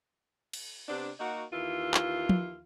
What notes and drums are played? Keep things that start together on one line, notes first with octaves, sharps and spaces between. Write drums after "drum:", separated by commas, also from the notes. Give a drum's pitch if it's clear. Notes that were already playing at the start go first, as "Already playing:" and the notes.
drum: cymbal
C3 B3 C4 D4
A#3 D#4 F#4
D#2 E3 E4 F4
drum: clap
drum: tom